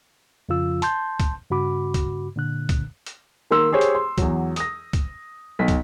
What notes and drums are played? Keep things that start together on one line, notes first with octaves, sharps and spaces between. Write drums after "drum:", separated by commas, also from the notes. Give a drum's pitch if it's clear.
F2 C#3 F3 F4 E6
A5 C6 G6, drum: hi-hat
drum: kick, hi-hat
G2 C#3 F#4 B5 D6
drum: kick, hi-hat
A#2 D3 F#6
drum: kick, hi-hat
drum: hi-hat
D#3 A#3 C6 E6
G4 G#4 C5 C#5
drum: hi-hat
C6
E2 F#3, drum: kick, hi-hat
D#6 A#6, drum: hi-hat
drum: kick, hi-hat
B1 B6
drum: kick, hi-hat